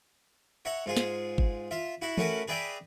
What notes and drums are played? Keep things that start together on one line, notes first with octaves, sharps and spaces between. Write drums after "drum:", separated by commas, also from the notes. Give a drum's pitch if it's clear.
C#5 E5 F#5 A#5
G#2 F4 G#4
drum: snare
drum: kick G1
F4 E5
E4 F#4 E5
A3 C#4 F#4 A#4 B4, drum: tom
G#4 B4 D5 E5 G5 A#5